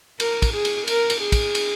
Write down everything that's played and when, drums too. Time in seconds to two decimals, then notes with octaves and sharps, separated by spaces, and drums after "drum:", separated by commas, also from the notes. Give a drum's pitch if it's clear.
0.20 A#4, drum: cymbal
0.42 drum: kick, cymbal
0.54 G#4
0.65 drum: cymbal
0.88 A#4, drum: cymbal
1.10 drum: cymbal
1.21 G#4
1.32 drum: kick, cymbal
1.55 drum: cymbal